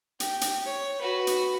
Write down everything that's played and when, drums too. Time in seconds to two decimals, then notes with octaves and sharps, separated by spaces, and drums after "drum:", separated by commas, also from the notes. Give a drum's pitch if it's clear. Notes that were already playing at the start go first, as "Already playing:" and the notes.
0.20 G4, drum: hi-hat
0.41 drum: hi-hat
0.66 C#5
1.02 F#4 B4
1.27 drum: hi-hat